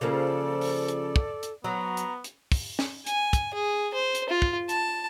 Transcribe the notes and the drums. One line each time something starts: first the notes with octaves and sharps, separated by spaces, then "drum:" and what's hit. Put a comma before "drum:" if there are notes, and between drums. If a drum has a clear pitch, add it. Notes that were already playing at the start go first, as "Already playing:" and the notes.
C#3 F3 A#3 A4 D5
drum: open hi-hat
drum: hi-hat
drum: kick
drum: hi-hat
F#3 B3 A#5
drum: hi-hat
drum: hi-hat
drum: kick, open hi-hat
drum: snare
G#5, drum: hi-hat
drum: kick, hi-hat
G#4
C5
drum: hi-hat
F4
drum: kick
A5, drum: hi-hat